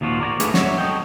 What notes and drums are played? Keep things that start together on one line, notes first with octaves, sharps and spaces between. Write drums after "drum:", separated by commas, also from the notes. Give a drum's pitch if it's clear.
D#2 A#2 F3 F4 F#4
A#4 D5 G#5 A#5
A3 B3 D4 F#4 G#4 B4, drum: hi-hat
F#4 C#5 E5, drum: snare
A4 D#5 G5